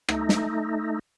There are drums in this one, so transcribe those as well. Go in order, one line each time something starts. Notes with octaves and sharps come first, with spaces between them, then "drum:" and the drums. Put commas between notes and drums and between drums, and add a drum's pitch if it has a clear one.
A3 D#4, drum: rim click
drum: snare